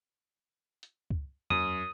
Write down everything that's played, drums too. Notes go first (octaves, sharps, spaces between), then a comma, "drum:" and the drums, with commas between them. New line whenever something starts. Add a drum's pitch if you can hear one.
drum: hi-hat
drum: kick
F#2 D#6, drum: tom E2